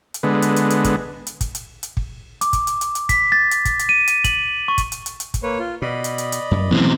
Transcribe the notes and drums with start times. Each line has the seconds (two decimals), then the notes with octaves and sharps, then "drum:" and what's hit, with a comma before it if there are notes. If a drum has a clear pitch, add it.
0.14 drum: hi-hat
0.23 D3 G#3 B3
0.42 drum: hi-hat
0.56 drum: hi-hat
0.70 drum: hi-hat
0.84 drum: kick, hi-hat
1.27 drum: hi-hat
1.41 drum: kick, hi-hat
1.55 drum: hi-hat
1.83 drum: hi-hat
1.97 drum: kick
2.41 D6, drum: hi-hat
2.53 drum: kick, hi-hat
2.67 drum: hi-hat
2.81 drum: hi-hat
2.95 drum: hi-hat
3.09 B6, drum: kick, hi-hat
3.32 A6
3.51 drum: hi-hat
3.65 drum: kick, hi-hat
3.79 drum: hi-hat
3.89 D#7
4.07 drum: hi-hat
4.24 F#7, drum: kick, hi-hat
4.68 C#6
4.78 drum: kick, hi-hat
4.92 drum: hi-hat
5.06 drum: hi-hat
5.20 drum: hi-hat
5.34 drum: kick, hi-hat
5.43 A#3 B4 C#5
5.59 F4
5.82 B2 D5 D#5 B5
6.04 drum: hi-hat
6.18 drum: hi-hat
6.32 drum: hi-hat
6.51 F#2
6.71 B2 E3 F#3 A3 C4 C#4